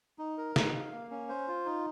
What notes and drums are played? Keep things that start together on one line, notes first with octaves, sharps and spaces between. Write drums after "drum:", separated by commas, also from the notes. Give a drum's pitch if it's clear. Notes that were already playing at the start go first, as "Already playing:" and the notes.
D#4
A#4
D#4, drum: snare
F5
A#3
C#4
C5
F4
D#4